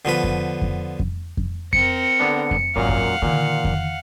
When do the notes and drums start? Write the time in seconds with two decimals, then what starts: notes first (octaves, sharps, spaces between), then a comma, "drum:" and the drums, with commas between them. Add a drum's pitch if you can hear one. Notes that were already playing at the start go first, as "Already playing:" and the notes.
0.05 D3 F3 B3 B4
0.24 drum: kick F2
0.62 drum: kick F2
1.00 drum: kick F2
1.37 drum: kick F2
1.73 C4 A#4 C#7, drum: kick F2
2.20 D3 B3 D4
2.51 drum: kick F2
2.76 G#1 F#2 A#2 F5 F#5
2.89 drum: kick F2
3.22 A#2 D3 D#3
3.65 drum: kick F2